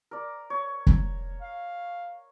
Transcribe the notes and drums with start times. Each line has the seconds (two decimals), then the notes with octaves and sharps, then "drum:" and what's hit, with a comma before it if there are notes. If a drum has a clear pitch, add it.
0.11 A#4 D5
0.50 C#5
0.87 drum: kick
1.41 F5